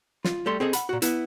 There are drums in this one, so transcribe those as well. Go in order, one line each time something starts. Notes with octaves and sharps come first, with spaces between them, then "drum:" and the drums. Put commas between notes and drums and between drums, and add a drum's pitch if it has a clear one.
F4, drum: snare
G3 A3 A4 C6
C4 G#4 A4 D#5
F#5 B5, drum: hi-hat
A#2 F#4
B3 E4, drum: hi-hat